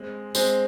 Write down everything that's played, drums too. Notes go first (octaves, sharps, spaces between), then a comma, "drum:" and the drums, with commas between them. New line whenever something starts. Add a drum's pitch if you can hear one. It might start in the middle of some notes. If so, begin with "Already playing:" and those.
Already playing: G#3 C4
G#3 C4, drum: tambourine